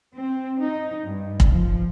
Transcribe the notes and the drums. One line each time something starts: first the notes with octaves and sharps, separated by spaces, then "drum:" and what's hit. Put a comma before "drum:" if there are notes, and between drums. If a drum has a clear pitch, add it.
C4
D#4
G2
drum: kick
F3